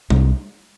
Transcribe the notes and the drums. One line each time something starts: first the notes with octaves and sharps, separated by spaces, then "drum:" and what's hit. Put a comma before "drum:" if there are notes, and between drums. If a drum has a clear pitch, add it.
C2 C3, drum: tom G3